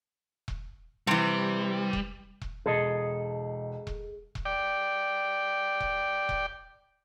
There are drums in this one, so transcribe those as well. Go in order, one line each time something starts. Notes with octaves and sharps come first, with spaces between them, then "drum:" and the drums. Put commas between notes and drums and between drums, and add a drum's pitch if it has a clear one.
drum: kick E1
C3 E3 G3
drum: kick E1
drum: kick E1
E1 G#4 A4 D#5
drum: kick E1
drum: kick E1
D5 G5
drum: kick E1
drum: kick E1